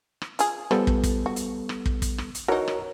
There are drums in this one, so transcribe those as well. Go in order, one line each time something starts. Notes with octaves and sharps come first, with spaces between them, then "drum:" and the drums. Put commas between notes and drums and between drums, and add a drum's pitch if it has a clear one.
drum: rim click
F4 G#4, drum: hi-hat
F3 G3 B3 A4, drum: rim click
drum: kick
drum: kick, hi-hat
F#4
drum: hi-hat
drum: rim click
drum: kick
drum: kick, hi-hat
drum: rim click
drum: hi-hat
E3 D#4 F#4 A#4 C#5
drum: rim click